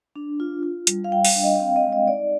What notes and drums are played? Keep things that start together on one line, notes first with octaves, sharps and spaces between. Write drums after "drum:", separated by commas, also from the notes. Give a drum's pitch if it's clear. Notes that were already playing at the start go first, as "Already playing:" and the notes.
D4
F4
F4
G3, drum: hi-hat
F5
G3 G5
drum: open hi-hat
D4
D#5
G5
C4 F5
D#5
G#3
D#5
D#4 D5